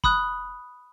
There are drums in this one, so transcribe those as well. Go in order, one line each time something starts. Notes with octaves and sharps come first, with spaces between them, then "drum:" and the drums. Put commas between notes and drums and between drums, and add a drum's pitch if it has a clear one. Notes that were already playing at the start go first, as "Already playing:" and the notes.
B5 D#6 F#6, drum: kick